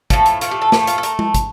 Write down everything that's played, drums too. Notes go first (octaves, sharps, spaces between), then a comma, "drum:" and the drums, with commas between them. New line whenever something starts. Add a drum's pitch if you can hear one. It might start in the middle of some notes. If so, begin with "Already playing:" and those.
A2 F3 A3 A4, drum: kick, hi-hat
drum: hi-hat
A2 F3 A3 F4, drum: hi-hat
G4
A4
A2 F3 A3 G4, drum: snare
F4, drum: hi-hat
A4
A3 A#4, drum: hi-hat
drum: tom G#3
drum: kick, hi-hat